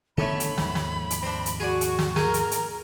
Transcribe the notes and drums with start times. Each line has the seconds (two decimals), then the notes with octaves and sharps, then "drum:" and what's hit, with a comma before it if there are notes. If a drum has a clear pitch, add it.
0.18 D3 D#3 A3 B3 C#4 A4 B5
0.40 drum: hi-hat
0.58 D#2 G#2 F3, drum: snare
0.75 drum: snare
1.10 drum: hi-hat
1.23 C4 D4
1.46 drum: hi-hat
1.60 F#4 G#4 D5 C#6
1.81 drum: hi-hat
1.99 drum: snare
2.16 G#4 A#4, drum: snare
2.34 drum: hi-hat
2.51 drum: hi-hat